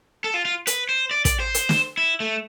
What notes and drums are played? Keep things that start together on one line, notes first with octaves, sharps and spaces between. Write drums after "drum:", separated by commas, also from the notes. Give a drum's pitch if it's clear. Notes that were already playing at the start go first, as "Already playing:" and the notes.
A4
F4
F4
B4, drum: hi-hat
C5
D5
D5, drum: kick, hi-hat
C5
drum: hi-hat
drum: snare
E4
A3